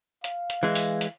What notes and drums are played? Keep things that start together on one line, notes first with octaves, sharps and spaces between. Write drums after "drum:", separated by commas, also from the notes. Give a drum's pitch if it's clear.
F5, drum: hi-hat
drum: hi-hat
E3 G#3
drum: open hi-hat
drum: hi-hat